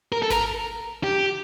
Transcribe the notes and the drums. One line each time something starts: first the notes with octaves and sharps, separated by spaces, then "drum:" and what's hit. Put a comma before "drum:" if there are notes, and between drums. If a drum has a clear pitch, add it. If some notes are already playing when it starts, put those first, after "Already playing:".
A#4
A4
A#4, drum: snare G#1
G4